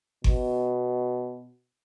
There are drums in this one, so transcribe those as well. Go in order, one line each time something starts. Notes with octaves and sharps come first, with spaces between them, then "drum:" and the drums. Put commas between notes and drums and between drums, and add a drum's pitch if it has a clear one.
B2, drum: kick G1